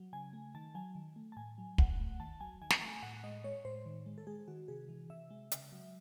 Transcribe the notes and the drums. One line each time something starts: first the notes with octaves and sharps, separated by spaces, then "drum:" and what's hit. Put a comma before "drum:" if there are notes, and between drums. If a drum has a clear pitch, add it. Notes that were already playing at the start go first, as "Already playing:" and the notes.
Already playing: F#3
C#3 G#5
A3
D#3 A5
F#3 G#5
D#3
A3
A5
A2 G#5
F#3
A2 F#5, drum: kick
A3
D#3 A5
F#3 G#5
D#3 G#5
drum: snare
A3
A2 F#5
G#3 D#5
G#3 C#5
A2 C5
D#3
G#3
A4
G#3 G#4
D#3 F#4
C3 G#4
E3
C3 E5
G#3
C#3, drum: hi-hat
F#3